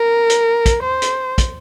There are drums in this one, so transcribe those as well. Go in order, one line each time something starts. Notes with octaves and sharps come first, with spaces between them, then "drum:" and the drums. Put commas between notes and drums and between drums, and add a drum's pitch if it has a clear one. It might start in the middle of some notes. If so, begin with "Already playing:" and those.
Already playing: A#4
drum: hi-hat
drum: kick, hi-hat
C5
drum: hi-hat
drum: kick, hi-hat